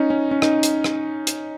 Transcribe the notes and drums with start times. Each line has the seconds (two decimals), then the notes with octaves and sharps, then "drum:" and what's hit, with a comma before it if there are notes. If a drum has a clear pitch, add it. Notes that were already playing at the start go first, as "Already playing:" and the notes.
Already playing: C#4 D#4
0.10 C#4
0.31 C#4
0.42 D#4, drum: rim click
0.63 drum: hi-hat
0.84 drum: rim click
1.27 drum: hi-hat